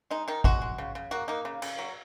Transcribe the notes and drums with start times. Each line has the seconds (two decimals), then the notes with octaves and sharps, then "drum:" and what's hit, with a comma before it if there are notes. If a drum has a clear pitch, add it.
0.10 G#3 D#4
0.28 D#3 D#4
0.44 G#3 F#4, drum: kick G#1
0.62 G#3
0.78 C#3
0.95 C#3
1.11 A#3 F#4
1.28 A#3 D#4
1.45 C#3
1.62 C#3, drum: cymbal
1.79 F#3